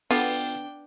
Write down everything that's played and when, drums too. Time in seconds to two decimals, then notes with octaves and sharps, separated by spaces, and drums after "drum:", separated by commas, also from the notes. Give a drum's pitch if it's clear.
0.11 D3 B3 D4 F4 G5, drum: open hi-hat